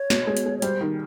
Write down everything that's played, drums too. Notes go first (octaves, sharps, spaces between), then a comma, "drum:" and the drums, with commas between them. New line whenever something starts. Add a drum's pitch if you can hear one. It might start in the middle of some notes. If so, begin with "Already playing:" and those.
Already playing: C#5
B2, drum: snare
G#3
drum: hi-hat
G#3
C#5
G3 C5, drum: hi-hat
D#3